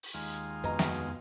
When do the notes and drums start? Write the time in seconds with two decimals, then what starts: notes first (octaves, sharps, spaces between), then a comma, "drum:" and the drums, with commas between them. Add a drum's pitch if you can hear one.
0.03 drum: open hi-hat
0.14 D#2 G#3 F4
0.33 drum: hi-hat
0.64 F2 B2 B3 B4 D#5 A#5, drum: hi-hat
0.79 drum: snare
0.94 drum: hi-hat